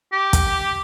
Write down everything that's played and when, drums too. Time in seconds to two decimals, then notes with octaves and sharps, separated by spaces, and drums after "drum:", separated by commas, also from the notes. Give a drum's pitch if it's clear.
0.12 G4
0.33 drum: kick, hi-hat